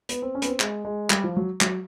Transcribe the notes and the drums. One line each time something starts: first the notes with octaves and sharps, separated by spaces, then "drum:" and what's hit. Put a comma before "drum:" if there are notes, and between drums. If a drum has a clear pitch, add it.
B3, drum: hi-hat
C4
C#4
B3, drum: hi-hat
C4
G#3, drum: clap
G#3
G3, drum: clap
F3
F#3
F#3, drum: clap